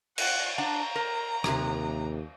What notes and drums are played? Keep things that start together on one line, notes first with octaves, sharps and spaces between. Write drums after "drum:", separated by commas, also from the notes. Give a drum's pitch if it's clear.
F#5, drum: cymbal
D4 F#5 A5 A#5
A#4
D#2 C3 D#3 A#3, drum: rim click